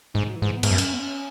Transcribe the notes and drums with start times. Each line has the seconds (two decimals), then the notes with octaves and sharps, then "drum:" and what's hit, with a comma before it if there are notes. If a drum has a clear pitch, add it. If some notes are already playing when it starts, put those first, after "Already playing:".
0.14 G#2 D#3
0.30 F#3
0.35 E3
0.42 G#2
0.57 B3
0.63 G#2, drum: cymbal
0.70 F#2
0.78 C#4, drum: open hi-hat
0.93 B3
0.99 C#4